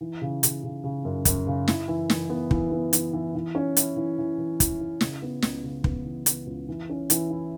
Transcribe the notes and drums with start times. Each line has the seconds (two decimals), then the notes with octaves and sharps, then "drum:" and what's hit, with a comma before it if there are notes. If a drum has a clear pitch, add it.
0.01 E3
0.22 C#3
0.43 C#3, drum: hi-hat
0.64 C#3
0.84 C#3
1.05 F#2
1.25 F#2, drum: kick, hi-hat
1.47 C#3
1.68 E4, drum: snare
1.88 E3
2.10 E3, drum: snare
2.30 B3
2.51 E3, drum: kick
2.72 B3
2.93 E3, drum: hi-hat
3.13 E3
3.35 E3
3.55 C#4
3.77 E4, drum: hi-hat
3.97 E3
4.18 E3
4.38 E3
4.60 E3, drum: kick, hi-hat
4.81 E4
5.01 C#3, drum: snare
5.22 B3
5.42 C#2, drum: snare
5.63 C#3
5.84 B3, drum: kick
6.05 E3
6.26 B3, drum: hi-hat
6.47 C#2
6.69 E3
6.89 C#4
7.10 E3, drum: hi-hat
7.30 E4